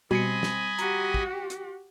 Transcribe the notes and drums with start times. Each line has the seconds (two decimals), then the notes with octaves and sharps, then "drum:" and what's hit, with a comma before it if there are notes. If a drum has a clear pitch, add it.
0.11 B2 G3 C4 D#5 G#5 B5 C7 C#7
0.43 drum: snare
0.79 F#4 G4 A#5, drum: hi-hat
1.14 drum: kick
1.50 drum: hi-hat